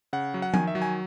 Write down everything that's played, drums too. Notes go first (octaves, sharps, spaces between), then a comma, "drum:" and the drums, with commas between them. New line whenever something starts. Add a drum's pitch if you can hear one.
C#3 F#5
F#3
F#5
D#3 G#5, drum: tom F3
E5
F#3
G#5